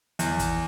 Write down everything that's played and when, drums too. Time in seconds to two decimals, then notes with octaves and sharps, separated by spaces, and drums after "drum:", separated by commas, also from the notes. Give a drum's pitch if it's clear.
0.19 E2, drum: hi-hat
0.39 drum: kick, hi-hat